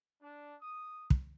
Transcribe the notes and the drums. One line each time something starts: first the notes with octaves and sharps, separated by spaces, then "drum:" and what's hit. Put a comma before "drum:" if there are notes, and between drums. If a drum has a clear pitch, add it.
D4
D#6
drum: kick